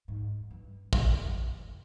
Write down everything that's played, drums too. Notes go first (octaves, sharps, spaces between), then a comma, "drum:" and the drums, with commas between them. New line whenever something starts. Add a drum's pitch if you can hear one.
G#2
G2
F2, drum: kick
F2
G2